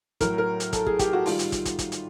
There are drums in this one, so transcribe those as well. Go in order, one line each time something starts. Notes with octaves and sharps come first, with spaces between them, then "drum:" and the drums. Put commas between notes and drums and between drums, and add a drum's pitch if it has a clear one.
A2 F#3 A#4, drum: kick, hi-hat
A#4
drum: hi-hat
A4, drum: kick, hi-hat
G#4, drum: kick
G4, drum: kick, hi-hat
F#4
G#2 D#3 G3 F4, drum: open hi-hat
drum: hi-hat
drum: kick, hi-hat
drum: kick, hi-hat
drum: kick, hi-hat
drum: hi-hat